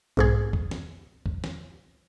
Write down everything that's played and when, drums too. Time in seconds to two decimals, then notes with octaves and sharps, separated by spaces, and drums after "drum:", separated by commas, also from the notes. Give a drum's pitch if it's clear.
0.17 B1 G#2 G#4
0.53 drum: kick
0.71 drum: snare
1.26 drum: kick
1.44 drum: snare